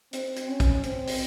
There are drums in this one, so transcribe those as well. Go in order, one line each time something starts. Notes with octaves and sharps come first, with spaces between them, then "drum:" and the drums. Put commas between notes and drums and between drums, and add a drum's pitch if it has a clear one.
C4, drum: hi-hat
drum: hi-hat
C#4
drum: kick A#1, hi-hat
C4, drum: hi-hat
drum: open hi-hat